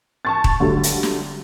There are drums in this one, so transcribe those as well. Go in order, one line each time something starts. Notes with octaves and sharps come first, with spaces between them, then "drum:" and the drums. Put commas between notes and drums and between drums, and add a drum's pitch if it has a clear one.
A5 C#6 A6
drum: kick D#1
D3 F#3 G3 A3
drum: hi-hat
drum: snare